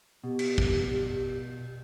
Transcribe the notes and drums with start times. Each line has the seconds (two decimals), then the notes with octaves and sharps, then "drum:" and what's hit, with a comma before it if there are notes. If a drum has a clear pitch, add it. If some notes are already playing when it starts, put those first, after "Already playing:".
0.24 B2 G4
0.39 drum: cymbal
0.58 drum: kick